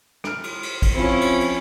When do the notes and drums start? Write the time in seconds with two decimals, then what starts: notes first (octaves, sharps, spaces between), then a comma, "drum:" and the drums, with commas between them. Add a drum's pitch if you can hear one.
0.24 F6 D7, drum: rim click
0.43 drum: cymbal
0.63 drum: cymbal
0.82 drum: kick, cymbal
0.94 F3 C4 C#4 E4
1.21 drum: cymbal
1.41 drum: cymbal